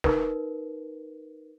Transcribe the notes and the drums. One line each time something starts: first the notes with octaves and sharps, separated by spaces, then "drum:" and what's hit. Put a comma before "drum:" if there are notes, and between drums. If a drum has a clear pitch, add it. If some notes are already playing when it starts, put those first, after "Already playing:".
D#4 A#4 B4, drum: snare